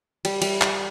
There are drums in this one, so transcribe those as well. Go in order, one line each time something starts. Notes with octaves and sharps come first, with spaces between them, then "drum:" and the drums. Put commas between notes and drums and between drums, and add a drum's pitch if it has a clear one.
G3, drum: cymbal
G3, drum: cymbal
drum: clap